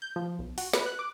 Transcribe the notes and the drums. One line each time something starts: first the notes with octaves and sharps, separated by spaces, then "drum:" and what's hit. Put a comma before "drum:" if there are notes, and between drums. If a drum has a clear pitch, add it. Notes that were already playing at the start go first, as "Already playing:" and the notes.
G6
F3
B1
F#4, drum: open hi-hat
B4, drum: snare
F#6
D6